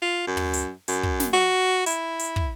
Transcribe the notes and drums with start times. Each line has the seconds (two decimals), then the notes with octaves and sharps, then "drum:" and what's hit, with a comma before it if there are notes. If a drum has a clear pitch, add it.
0.02 F4
0.27 F#2
0.37 drum: tom
0.53 drum: hi-hat
0.88 F#2, drum: hi-hat
1.03 drum: kick
1.20 drum: snare
1.33 F#4
1.86 E4, drum: hi-hat
2.19 drum: hi-hat
2.36 drum: kick